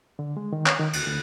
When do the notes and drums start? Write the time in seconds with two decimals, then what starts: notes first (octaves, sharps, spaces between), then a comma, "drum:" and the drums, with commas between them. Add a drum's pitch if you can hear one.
0.19 D3
0.37 G#3
0.53 D#3
0.66 C#5, drum: clap
0.79 D#3
0.93 D2, drum: cymbal
1.07 D2